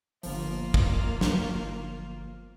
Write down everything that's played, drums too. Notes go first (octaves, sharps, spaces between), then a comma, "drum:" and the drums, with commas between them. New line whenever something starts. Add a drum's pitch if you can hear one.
G1 F3 A#3 F4, drum: open hi-hat
drum: kick
drum: snare